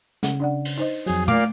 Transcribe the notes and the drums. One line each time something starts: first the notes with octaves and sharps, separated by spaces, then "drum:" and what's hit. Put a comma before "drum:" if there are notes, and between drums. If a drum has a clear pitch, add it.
C#3 F#5, drum: snare
D4 D5 F#5
drum: cymbal
D#4 C5 D#5
F2 F#3 G#4, drum: cymbal
A#2 A3 A#3 F5 D6, drum: tom